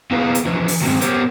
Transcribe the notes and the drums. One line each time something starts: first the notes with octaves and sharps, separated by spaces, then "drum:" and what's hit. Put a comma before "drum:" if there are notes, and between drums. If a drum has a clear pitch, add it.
A#3 B3 E4 G#4 B4 F5
drum: hi-hat
E3 F3 D4
drum: open hi-hat
D#3 F#3 G#3 A#3 C4
B3 G4 A#4 C5 C#5, drum: hi-hat